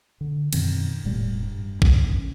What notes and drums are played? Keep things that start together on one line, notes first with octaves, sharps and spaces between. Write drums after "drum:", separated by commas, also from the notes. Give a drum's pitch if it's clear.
D3
F#2 B2 D#3 C4, drum: cymbal
E1 A2 G3
G2
E2 G2 C#4, drum: kick A1